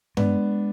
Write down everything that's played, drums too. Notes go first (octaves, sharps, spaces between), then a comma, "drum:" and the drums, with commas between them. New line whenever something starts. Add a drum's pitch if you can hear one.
G#3 B3 D4, drum: tom G2